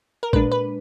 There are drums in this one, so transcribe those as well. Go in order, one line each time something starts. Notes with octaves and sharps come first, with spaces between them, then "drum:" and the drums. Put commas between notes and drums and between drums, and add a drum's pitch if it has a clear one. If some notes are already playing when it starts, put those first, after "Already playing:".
A#4
A#2 G#3 D4 B4, drum: kick A1
B4